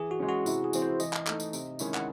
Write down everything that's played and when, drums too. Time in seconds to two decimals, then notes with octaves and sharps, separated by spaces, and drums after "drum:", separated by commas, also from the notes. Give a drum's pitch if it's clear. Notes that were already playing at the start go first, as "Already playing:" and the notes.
Already playing: E3 G#4
0.11 F#4
0.20 G#3 C#4
0.29 F#4
0.46 C3 E4, drum: tambourine
0.64 G#4
0.73 E3 C4 E4, drum: tambourine
0.82 C5
1.00 E3 D#5, drum: tambourine
1.13 drum: clap
1.27 A3 D#4, drum: clap
1.40 drum: tambourine
1.53 C3, drum: tambourine
1.79 D#3 G#3 C#4 E4, drum: tambourine
1.94 F#5, drum: clap